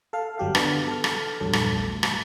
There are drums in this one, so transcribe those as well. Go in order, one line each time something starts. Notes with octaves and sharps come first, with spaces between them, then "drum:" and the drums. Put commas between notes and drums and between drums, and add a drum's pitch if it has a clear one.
A4 F5
G1 F#3 G4 F5
D3 B3, drum: rim click
A4 F6
drum: rim click
A#1 E2 G2 F#3 A4
drum: rim click
A3
drum: rim click